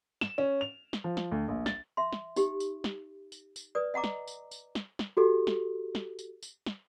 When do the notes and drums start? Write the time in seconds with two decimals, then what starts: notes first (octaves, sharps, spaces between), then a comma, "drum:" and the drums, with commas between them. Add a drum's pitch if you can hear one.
0.21 E7, drum: snare
0.38 C#4
0.61 F7
0.93 drum: snare
1.04 F3
1.17 drum: snare
1.32 D2
1.48 A#1
1.66 A6, drum: snare
1.97 E5 C6
2.13 drum: snare
2.36 D#4 G4, drum: tambourine
2.60 drum: tambourine
2.84 drum: snare
3.32 drum: tambourine
3.56 drum: tambourine
3.75 B4 D5 D#6
3.94 D#5 F#5 A#5 D6
4.04 drum: snare
4.28 drum: tambourine
4.51 drum: tambourine
4.75 drum: snare
4.99 drum: snare
5.17 F#4 G4 A4
5.47 drum: snare
5.95 drum: snare
6.19 drum: tambourine
6.43 drum: tambourine
6.66 drum: snare